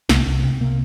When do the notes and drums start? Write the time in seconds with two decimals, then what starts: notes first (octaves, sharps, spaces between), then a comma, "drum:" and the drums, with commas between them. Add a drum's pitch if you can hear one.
0.09 C2, drum: snare
0.26 C2
0.43 C3
0.61 C3 A#3